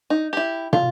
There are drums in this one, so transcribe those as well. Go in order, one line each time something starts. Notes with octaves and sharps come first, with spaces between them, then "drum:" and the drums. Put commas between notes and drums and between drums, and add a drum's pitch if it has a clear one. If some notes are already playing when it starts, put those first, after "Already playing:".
D#4
E4 G4
F4, drum: tom